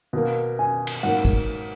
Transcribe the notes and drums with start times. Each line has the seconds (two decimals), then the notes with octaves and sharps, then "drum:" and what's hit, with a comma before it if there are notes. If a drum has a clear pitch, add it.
0.13 B2 A#3
0.59 G#5
0.87 drum: cymbal
1.03 G#2 F#3 A#3 F#5
1.25 drum: kick